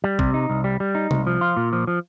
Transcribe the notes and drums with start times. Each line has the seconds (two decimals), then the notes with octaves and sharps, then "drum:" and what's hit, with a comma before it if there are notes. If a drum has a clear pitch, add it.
0.04 G3
0.19 C3, drum: kick
0.34 D#4
0.50 C2
0.64 G3
0.80 G3
0.95 D#4
1.11 C2, drum: tom C3
1.27 F3
1.41 F4
1.57 A#2
1.73 F3
1.87 F3